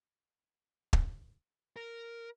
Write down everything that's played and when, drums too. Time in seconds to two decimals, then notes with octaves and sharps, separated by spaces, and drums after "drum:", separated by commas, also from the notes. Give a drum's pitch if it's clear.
0.93 drum: kick
1.76 A#4